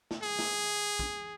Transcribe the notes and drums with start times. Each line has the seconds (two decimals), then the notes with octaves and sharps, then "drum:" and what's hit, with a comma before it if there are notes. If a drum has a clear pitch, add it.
0.11 drum: snare
0.23 G#4
0.39 drum: snare
0.99 drum: kick